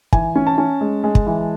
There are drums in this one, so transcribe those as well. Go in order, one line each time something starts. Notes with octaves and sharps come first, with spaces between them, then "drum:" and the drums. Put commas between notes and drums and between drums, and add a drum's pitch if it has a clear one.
E3 G#5, drum: kick
C#4
A5
C#4
G#3
G#3
drum: kick
E3